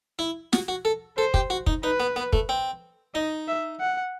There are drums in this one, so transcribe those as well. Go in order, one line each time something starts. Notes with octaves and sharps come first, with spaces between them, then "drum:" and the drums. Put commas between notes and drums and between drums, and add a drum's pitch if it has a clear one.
E4
F#4, drum: snare
F#4
A4
A4 C5
G4, drum: kick
F#4
D#4, drum: kick
D#4 B4
B3
B3
A3, drum: kick
C4
D#4 D#5
E5
F#5